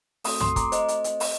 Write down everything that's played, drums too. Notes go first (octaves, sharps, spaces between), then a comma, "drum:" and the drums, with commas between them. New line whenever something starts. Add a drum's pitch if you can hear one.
A3 C4 F#4 A4 C6 D#6, drum: open hi-hat
C6 D#6, drum: tom
A#5 D6, drum: kick, hi-hat
C5 D#5, drum: hi-hat
drum: hi-hat
drum: hi-hat
drum: open hi-hat